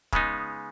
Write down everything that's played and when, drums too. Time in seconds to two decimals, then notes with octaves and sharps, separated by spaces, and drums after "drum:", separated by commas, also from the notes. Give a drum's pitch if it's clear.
0.13 C#3 G#3 B3 D#4, drum: kick